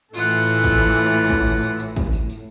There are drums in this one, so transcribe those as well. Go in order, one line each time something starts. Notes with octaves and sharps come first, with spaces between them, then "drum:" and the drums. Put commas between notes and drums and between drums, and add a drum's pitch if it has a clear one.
A2 E3 F4 A4 F#5, drum: tambourine
drum: tambourine
drum: tambourine
drum: kick, tambourine
drum: tambourine
drum: tambourine
drum: tambourine
drum: kick, tambourine
drum: tambourine
drum: tambourine
drum: tambourine
drum: kick, tambourine
drum: tambourine
drum: tambourine